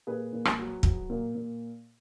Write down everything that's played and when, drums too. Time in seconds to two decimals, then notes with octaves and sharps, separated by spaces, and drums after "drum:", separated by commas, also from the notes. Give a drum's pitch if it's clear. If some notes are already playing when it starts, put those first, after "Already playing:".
0.07 A#2 G#4 B4
0.33 A#2
0.45 drum: rim click
0.59 F#3
0.83 F#3, drum: kick
1.10 A#2
1.35 A#2